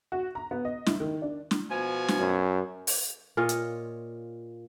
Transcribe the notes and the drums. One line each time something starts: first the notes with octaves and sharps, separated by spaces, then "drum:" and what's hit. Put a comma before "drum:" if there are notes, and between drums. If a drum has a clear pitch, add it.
F#4
A#5
B3
D#5
E4, drum: snare
D#3
D4
drum: snare
B2 F3 G#5
drum: snare
F#2
drum: open hi-hat
A#2 F4 C#5 D#5
drum: hi-hat